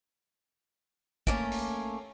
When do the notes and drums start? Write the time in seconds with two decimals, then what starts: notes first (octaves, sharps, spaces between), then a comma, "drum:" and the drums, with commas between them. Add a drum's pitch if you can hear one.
1.27 A3 A#3 C#4, drum: kick
1.52 drum: cymbal